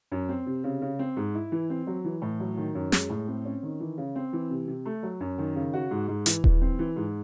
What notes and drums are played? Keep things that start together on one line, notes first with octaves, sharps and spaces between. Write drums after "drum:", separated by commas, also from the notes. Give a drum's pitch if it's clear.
F#2
C4
C3
C#3
C#3
C4
G#2
E4
E3
C4
F#3
E3
A2
F#3
D#3
F#2
G#3, drum: snare
A2
C4
C#4
D#3
E3
C#3
C4
E3
C3
C3
A3
F#3
F#2
D#3
C#3
F#4
G#2
G#2
E3, drum: hi-hat
E3, drum: kick D#1
C4
E3
G#2